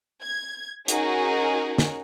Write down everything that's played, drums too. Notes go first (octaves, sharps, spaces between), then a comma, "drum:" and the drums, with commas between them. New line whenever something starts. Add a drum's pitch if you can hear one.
G#6
C#4 D#4 F#4 G#4 A#4, drum: hi-hat
drum: snare